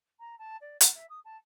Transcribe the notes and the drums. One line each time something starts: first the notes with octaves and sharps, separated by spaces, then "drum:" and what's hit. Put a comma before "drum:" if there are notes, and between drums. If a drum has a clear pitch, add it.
A#5
A5
D5
F#5, drum: hi-hat
E5
D#6
A5